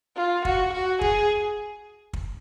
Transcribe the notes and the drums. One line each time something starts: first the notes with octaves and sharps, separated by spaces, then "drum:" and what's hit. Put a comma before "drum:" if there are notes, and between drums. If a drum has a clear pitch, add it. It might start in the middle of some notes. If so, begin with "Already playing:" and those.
F4
F#4, drum: kick
F#4
G#4, drum: kick
drum: kick